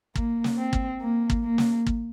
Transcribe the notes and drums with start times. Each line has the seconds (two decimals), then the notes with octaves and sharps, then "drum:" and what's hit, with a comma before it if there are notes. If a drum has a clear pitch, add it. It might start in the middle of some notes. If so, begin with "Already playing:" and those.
0.15 A#3, drum: kick
0.44 drum: snare
0.58 C4
0.73 drum: kick
1.01 A#3
1.30 drum: kick
1.44 A#3
1.58 drum: snare
1.87 drum: kick